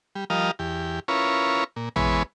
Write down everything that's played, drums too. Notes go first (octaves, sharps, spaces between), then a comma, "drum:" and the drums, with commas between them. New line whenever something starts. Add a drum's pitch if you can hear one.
G3
F3 G3 A#4 D#5 F5
E2 G4
C#4 E4 F4 A#4 B4 C#5
A#2
E3 G#3 B3 B4 C#5, drum: tom